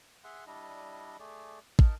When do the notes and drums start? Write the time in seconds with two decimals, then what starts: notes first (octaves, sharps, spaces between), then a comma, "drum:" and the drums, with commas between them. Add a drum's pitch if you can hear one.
0.24 G#4 E5 F#5 C6
0.47 G3 D4 E4 D#5
1.20 A3 G#4 D5
1.79 D#4 A#4 A5, drum: kick